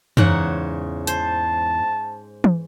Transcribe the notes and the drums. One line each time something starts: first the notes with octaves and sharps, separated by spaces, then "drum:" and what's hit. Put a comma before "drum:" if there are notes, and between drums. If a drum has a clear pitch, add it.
E2 G#2 C#3 C#5 F#5, drum: tom F#2
C5 A5, drum: hi-hat
drum: tom